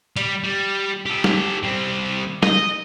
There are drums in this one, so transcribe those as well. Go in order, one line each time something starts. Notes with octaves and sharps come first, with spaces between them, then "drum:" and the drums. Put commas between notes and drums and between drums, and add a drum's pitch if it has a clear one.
G3, drum: hi-hat
G3
G4 A4
drum: snare
G3 C4
D#5, drum: snare